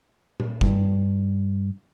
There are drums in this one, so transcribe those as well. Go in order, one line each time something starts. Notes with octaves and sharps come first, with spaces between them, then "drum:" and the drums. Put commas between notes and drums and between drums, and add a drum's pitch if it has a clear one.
drum: tom A#2
G2, drum: kick